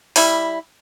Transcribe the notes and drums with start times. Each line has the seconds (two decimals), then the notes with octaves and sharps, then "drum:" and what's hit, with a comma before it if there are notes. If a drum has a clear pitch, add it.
0.16 G3 E4, drum: open hi-hat